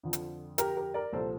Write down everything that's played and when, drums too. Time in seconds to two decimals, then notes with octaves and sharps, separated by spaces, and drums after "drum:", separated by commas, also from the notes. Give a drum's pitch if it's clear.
0.03 F2 D3 F3
0.13 drum: hi-hat
0.58 G4 A#4, drum: hi-hat
0.77 G4 A#4
0.94 A#4 D5
1.13 C2 A#2 F3 A4 C5